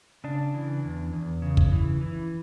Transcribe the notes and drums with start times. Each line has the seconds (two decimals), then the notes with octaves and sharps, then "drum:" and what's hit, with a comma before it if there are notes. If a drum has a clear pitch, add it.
0.24 C#3 D4
0.54 E3
0.84 E2
1.13 E2
1.42 C#3
1.57 drum: kick
1.71 E3
2.01 E3